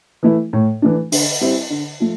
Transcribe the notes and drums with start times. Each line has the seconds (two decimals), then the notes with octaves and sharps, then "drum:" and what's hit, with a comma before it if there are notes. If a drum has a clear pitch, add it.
0.23 E3 A3 E4
0.53 A2
0.82 E3 A3 D4
1.12 D3, drum: open hi-hat
1.41 G3 C4 E4
1.70 D3
2.00 F3 A3